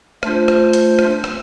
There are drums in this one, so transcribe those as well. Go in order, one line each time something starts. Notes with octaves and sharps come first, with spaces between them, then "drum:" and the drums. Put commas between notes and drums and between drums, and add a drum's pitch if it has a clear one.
A3 D4 F4 C5, drum: rim click
drum: rim click
drum: hi-hat
drum: rim click
drum: rim click